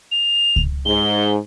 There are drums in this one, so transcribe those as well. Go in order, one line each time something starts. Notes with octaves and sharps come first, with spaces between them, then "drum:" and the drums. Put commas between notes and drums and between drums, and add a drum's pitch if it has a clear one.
F7
drum: kick C#2
G#2 G7